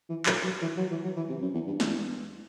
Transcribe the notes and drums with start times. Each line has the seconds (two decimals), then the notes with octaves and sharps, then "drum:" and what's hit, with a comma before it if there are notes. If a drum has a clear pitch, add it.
0.09 E3
0.26 F#3, drum: clap
0.43 F#3
0.61 E3
0.77 F#3
0.91 E3
1.03 F#3
1.17 E3
1.29 C3
1.42 F#2
1.54 E2
1.67 G2
1.80 E2, drum: snare